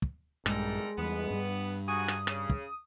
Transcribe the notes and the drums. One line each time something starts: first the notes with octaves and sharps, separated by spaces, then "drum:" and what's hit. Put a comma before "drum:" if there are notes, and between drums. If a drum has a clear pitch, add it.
drum: kick
A#1 G2 G3 G#3 A4 A#4, drum: rim click
E2 G3 B3
G2 G3
G#2 F#4 G#5 D#6
drum: rim click
C#3, drum: rim click
drum: kick